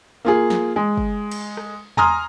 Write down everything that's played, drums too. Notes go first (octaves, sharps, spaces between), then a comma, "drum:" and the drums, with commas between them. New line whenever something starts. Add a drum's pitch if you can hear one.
A#3 F4 G#4
drum: snare F3
G#3
drum: kick
drum: cymbal
drum: rim click
G#5 A#5 C6 D#6 F6, drum: tom E2